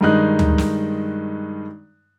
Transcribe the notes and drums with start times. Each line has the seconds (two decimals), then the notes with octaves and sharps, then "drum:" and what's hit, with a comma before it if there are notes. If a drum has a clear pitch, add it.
0.01 G2 D#3 G#3 D#4 F#6
0.39 drum: tom
0.58 drum: snare